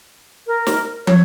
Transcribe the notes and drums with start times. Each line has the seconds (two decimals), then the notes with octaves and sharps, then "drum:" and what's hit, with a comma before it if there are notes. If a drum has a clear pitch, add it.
0.47 A#4
0.67 drum: snare
1.07 C#5, drum: tom